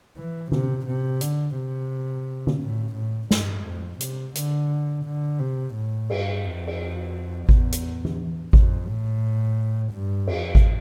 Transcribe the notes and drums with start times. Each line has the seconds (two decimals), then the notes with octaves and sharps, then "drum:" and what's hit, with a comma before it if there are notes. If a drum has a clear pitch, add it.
0.17 E3
0.52 C3, drum: tom D3
0.86 C3
1.21 D3, drum: hi-hat
1.56 C3
2.47 drum: tom D3
2.61 A2
2.95 A2
3.31 G2, drum: snare
3.65 F2
4.00 C3, drum: hi-hat
4.35 D3, drum: hi-hat
5.05 D3
5.39 C3
5.75 A2
6.10 G2, drum: cymbal
6.44 F2
6.67 drum: cymbal
7.49 E2, drum: kick G#1
7.72 drum: hi-hat
8.05 drum: tom E3
8.53 F2, drum: kick G#1
8.88 A2
9.93 G2
10.27 F2, drum: cymbal
10.55 drum: kick G#1